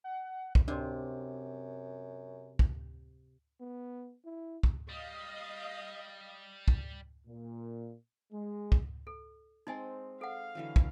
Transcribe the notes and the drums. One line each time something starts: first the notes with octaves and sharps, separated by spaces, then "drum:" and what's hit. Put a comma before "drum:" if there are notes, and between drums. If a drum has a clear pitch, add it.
F#5
drum: kick
F#2 C3 D4 C5
drum: kick
B3
E4
drum: kick
G3 D#5 F5
drum: kick
A#2
G#3
drum: kick
A4
G#3 C4 D#4 D#5 G#5
A4 F5 F#5
D3 E3 F#3
drum: kick